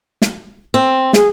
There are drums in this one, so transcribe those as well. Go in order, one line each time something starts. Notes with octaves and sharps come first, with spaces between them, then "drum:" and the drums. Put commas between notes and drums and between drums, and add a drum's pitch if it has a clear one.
drum: snare
C4
G#4, drum: snare